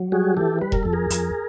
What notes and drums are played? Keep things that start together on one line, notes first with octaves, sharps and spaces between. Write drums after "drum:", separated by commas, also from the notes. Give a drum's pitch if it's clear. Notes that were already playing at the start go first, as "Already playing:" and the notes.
Already playing: F#3
G3 F#4 G#4
E3 G4 A4
G3 B4
A#4, drum: kick E1
F2 A4
G#4 A#4
F2, drum: hi-hat